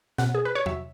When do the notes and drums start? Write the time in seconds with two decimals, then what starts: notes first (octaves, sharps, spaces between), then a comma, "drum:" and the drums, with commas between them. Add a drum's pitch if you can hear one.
0.18 B2 F#5, drum: snare
0.35 G#4
0.45 B4
0.55 C#5
0.66 F#3 E5, drum: tom E2